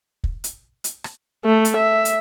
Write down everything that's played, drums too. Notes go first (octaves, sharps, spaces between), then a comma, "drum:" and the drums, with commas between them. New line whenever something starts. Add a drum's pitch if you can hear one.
drum: kick
drum: hi-hat
drum: hi-hat
drum: rim click
A3
drum: hi-hat
E5
drum: hi-hat